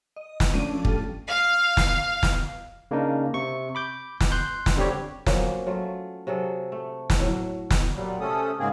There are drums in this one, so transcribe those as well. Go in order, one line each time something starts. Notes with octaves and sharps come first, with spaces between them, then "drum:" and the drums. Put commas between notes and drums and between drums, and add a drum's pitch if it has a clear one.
D#5
drum: snare
F3 A3 C#4 D4 D6 D#7
G3 A3 F4 A4, drum: kick
F5
drum: snare
drum: snare
C#3 A#3 D4 D#4
C3 C#6
B5 D6 G6
drum: snare
C6 F#6 G6
drum: snare
D3 G3 C4 G4 C#5
F3 F#3 A#3 C#4, drum: snare
F#3 A3 F4
C3 F#3 G#4 A4
A3
drum: snare
A2 F#3
drum: snare
A#2 F#3 G3
C3 A3 C#4 A4 D#6
G#2 C#3 A#3 C4 G#4